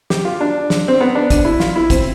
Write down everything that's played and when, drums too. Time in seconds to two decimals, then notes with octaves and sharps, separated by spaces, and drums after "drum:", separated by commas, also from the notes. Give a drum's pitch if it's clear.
0.10 G4, drum: snare
0.25 F4
0.41 D4
0.70 drum: snare
0.88 C4
1.01 B3
1.15 D4
1.30 D4, drum: kick, hi-hat
1.45 E4
1.60 F4, drum: snare
1.76 E4
1.90 C4, drum: kick, hi-hat